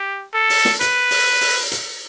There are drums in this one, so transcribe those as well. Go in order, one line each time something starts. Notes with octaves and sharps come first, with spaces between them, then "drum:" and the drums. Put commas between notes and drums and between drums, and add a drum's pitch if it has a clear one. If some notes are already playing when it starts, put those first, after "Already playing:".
Already playing: G4
A4
drum: open hi-hat
drum: snare
B4, drum: hi-hat
drum: open hi-hat
drum: open hi-hat
drum: hi-hat